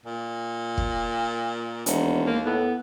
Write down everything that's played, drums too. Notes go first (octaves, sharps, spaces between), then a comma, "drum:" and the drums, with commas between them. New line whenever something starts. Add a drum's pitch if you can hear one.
A#2
drum: kick
E1 D#2, drum: hi-hat
A#3
A2 B3